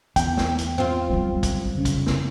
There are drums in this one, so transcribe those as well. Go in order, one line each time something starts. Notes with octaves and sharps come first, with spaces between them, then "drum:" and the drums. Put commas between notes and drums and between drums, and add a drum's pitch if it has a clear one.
E2 G5, drum: kick, hi-hat
drum: snare
drum: hi-hat
C4 F4
F#3 G3
drum: kick, hi-hat
F1 C#3
drum: kick, hi-hat
drum: snare